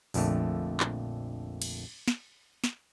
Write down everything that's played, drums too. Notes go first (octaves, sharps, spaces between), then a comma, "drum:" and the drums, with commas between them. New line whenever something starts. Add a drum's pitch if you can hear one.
A#1 F2 D3 A3, drum: open hi-hat
drum: clap
drum: cymbal
drum: snare
drum: snare